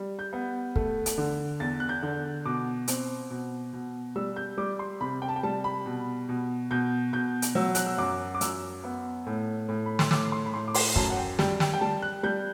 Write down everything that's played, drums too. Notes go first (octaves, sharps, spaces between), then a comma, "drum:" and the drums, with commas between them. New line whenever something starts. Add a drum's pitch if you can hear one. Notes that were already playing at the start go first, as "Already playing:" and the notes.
Already playing: G3
G6
B3
A3, drum: kick
drum: hi-hat
D3
E2 A6
F#6
G6
D3
B2 D6
C4, drum: hi-hat
B2
B2
G3 E6
G6
G3 D6
C6
C3 B5
G5
A5
G5
G3 A5
B5
B2
B2
B2 G6
B2 G6
drum: hi-hat
F#3 E6
F#6, drum: hi-hat
E6
F#2 D6
D6
F#2 E6, drum: hi-hat
B3
A2
A2
B5
C6, drum: snare
A2 D6, drum: snare
C6
B5
A2 C6
D6
C6, drum: open hi-hat
F#2 A5, drum: kick
F#5
G5
G3 G5, drum: snare
G5, drum: snare
G5
G3 A5
F#6
G3 G6